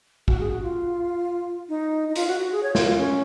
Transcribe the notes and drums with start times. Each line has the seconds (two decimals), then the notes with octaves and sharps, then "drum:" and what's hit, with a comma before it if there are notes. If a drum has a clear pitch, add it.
0.28 F#4, drum: kick
0.40 G#4
0.51 F#4
0.62 F4
1.69 D#4
2.09 D#4
2.16 F4, drum: hi-hat
2.28 F#4
2.40 F#4
2.52 G#4
2.63 C#5
2.75 F4, drum: snare
2.87 F4
2.98 C#4